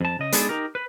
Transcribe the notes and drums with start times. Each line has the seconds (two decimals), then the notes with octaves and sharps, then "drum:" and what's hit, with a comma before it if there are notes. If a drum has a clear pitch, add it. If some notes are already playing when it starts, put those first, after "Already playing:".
0.01 F2 A5
0.19 C#3 D#5
0.32 G#3 B3 D4 D#4 G#4 A4, drum: hi-hat
0.49 D#4 G4 A#4
0.75 B4